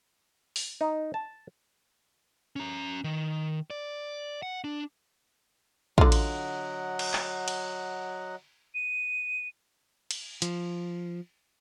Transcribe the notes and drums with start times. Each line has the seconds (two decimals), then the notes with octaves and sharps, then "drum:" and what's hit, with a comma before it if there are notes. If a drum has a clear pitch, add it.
0.56 drum: open hi-hat
0.81 D#4
1.14 A5
2.56 C#4 A#5
3.04 D#3
3.70 D5
4.43 F#5
4.64 D4
5.98 D3 F#3 F4 D#5 F#5, drum: kick
6.12 drum: cymbal
6.99 drum: cymbal
7.13 drum: clap
7.48 drum: cymbal
8.75 D#7
10.11 drum: cymbal
10.42 F3, drum: hi-hat